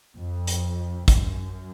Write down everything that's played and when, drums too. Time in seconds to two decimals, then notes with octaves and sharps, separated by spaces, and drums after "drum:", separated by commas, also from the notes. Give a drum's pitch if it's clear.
0.17 F2
0.47 drum: hi-hat
1.08 F#2, drum: kick, hi-hat